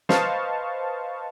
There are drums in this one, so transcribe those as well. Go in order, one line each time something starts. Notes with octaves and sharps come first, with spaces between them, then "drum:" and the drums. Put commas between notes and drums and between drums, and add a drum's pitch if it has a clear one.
B4 C5 D#5 F5 A5 C#6, drum: snare